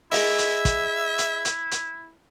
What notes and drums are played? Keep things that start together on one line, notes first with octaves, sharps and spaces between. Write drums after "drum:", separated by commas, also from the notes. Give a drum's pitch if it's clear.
E4 G#4 D#5 E5, drum: open hi-hat
drum: hi-hat
drum: kick, hi-hat
drum: hi-hat
drum: hi-hat
drum: hi-hat